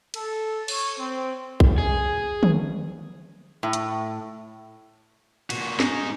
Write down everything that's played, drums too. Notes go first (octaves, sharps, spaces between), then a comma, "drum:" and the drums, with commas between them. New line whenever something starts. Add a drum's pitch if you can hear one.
A4, drum: cymbal
C#5, drum: cymbal
C4
drum: kick
G#4
drum: tom
A2
drum: hi-hat
A#2 F#4, drum: cymbal
D#4 G#4, drum: snare